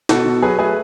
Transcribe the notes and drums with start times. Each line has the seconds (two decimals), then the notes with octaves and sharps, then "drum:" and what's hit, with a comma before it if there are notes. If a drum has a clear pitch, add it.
0.09 B2 F#4 A4, drum: snare
0.26 B2
0.42 F#3 G#4 B4
0.59 A3 G#4 B4